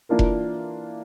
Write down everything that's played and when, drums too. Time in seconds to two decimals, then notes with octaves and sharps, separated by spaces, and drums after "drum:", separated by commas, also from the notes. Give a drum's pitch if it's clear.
0.09 E3 A#3 D4 F4 A#4
0.19 drum: kick F1